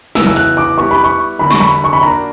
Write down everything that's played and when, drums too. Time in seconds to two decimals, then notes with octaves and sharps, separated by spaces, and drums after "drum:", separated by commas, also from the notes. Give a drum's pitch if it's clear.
0.15 C#3 E3 B3 F#4 E6, drum: snare
0.27 E6
0.36 F#6, drum: hi-hat
0.57 D6
0.77 G3 B3 E4 G4 C#6
0.91 B5
1.04 C#6
1.39 D3 G3 A#3 D4 F#4 B5
1.51 C#6, drum: snare
1.60 B5
1.84 C#6
1.93 B5
2.02 A#3 D4 F#4 A#5